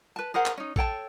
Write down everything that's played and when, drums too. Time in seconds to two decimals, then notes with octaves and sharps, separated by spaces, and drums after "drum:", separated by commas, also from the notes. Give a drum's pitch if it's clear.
0.16 B4 A5
0.34 G#4 A#4 C5 F#5
0.46 drum: clap
0.57 C#4 D#4
0.76 A4 C#5 G5 A5, drum: kick